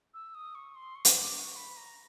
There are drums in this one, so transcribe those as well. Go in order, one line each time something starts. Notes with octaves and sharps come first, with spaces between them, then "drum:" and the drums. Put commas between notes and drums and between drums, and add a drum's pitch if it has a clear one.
E6
D#6
C#6
C6
C#6
drum: hi-hat
D6
C#6
B5
A#5